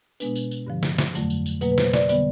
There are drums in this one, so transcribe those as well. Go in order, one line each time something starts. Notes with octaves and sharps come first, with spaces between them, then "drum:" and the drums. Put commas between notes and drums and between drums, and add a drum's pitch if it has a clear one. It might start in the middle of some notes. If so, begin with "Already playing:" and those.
B2 G#3 B3 D4 B4, drum: tambourine
drum: tambourine
drum: tambourine
G2 D3 F3
drum: snare
drum: snare
F2 D3 F#3 A3, drum: tambourine
drum: tambourine
drum: tambourine
B2 F#3 A#3 B4, drum: tambourine
B4
C5, drum: snare
D5, drum: snare
D3 G3 B3 D5, drum: tambourine